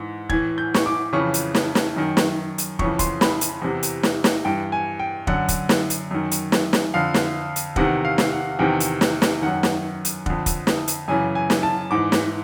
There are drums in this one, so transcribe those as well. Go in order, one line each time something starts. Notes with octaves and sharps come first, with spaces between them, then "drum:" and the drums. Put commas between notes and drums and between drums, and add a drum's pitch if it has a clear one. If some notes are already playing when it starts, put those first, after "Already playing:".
Already playing: G#2 E3
A2 E3 G#6, drum: kick
G6
C#6, drum: snare
D6
F2 C#3 E3 C#6
drum: hi-hat
drum: snare
drum: snare
F#2 D#3
drum: snare
drum: hi-hat
F2 C#3 E3 C#6, drum: kick
C6, drum: kick, hi-hat
B5, drum: snare
drum: hi-hat
E2 C3 E3
drum: hi-hat
drum: snare
drum: snare
G2 E3 G5
G#5
G5
F#2 D3 F#5, drum: kick
drum: kick, hi-hat
drum: snare
drum: hi-hat
F#2 D#3
drum: hi-hat
drum: snare
drum: snare
F2 D3 F5
drum: snare
drum: hi-hat
E2 C3 D#3 F#5, drum: kick
F5
drum: snare
F#5
E2 C3 D#3 G5
drum: hi-hat
drum: snare
drum: snare
F#2 D#3 F#5
drum: snare
drum: hi-hat
F2 D3, drum: kick
drum: kick, hi-hat
drum: snare
drum: hi-hat
F#2 C#3 E3 G#5
G#5
drum: snare
A5
G#2 E3 D6
drum: snare